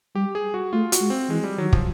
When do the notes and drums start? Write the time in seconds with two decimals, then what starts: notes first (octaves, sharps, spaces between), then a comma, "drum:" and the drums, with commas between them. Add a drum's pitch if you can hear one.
0.15 G3 G4
0.35 G#4
0.54 F#4
0.73 A3 F4
0.92 F#4, drum: hi-hat
1.01 G#3
1.10 C4
1.29 E3 G#3
1.44 G3
1.58 D#3 F#3
1.73 F3, drum: kick